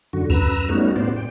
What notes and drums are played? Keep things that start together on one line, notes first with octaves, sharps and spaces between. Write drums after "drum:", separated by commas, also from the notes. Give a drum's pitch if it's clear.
F#2 D3 F#4
F#2 B4 A#5 E6, drum: kick D2
G3 A3 B3 C#4 D#4 F#4
A2 B3 C5 D5
G5